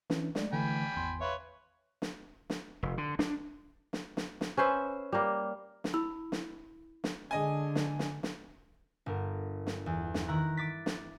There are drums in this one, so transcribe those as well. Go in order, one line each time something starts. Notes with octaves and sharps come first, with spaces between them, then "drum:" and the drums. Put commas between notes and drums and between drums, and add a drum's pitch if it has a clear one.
E3 C#4 D4, drum: snare
G#3 A3 D5, drum: snare
D3 E3 A3 G5 G#5 B5
G#1 E2 C6
B4 C#5 E5 F5 C6
drum: snare
drum: snare
F1
D3
D4, drum: snare
drum: snare
drum: snare
drum: snare
C#4 B4 C5 E5
G3 A#3
drum: snare
E4 B5 E6
drum: snare
drum: snare
D3 G#3 D#5 G#5
drum: snare
drum: snare
drum: snare
G1 A#4
drum: snare
E2
drum: snare
D#3 E4 A#5 F#6
D6 A6 B6
drum: snare